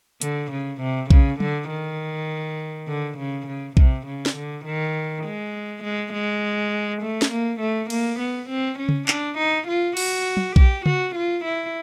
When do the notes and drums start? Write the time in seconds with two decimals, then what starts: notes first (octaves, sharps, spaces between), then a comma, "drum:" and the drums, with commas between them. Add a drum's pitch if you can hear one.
0.22 D3, drum: hi-hat
0.51 C#3
0.81 C3
1.10 C#3, drum: kick A#1
1.40 D3, drum: tom
1.70 D#3
2.88 D3
3.18 C#3
3.47 C#3
3.77 C3, drum: kick A#1
4.06 C#3
4.26 drum: snare
4.36 D3
4.65 D#3
5.25 G#3
5.83 G#3
6.13 G#3
7.02 A3
7.22 drum: snare
7.31 A#3
7.60 A3
7.90 A#3, drum: cymbal
8.19 B3
8.49 C4
8.79 C#4
8.89 drum: tom C#3
9.08 D4, drum: clap
9.38 D#4
9.67 F4
9.97 F#4, drum: cymbal
10.37 drum: tom
10.56 G4, drum: kick A#1
10.86 F#4, drum: tom C#3
11.15 F4
11.45 E4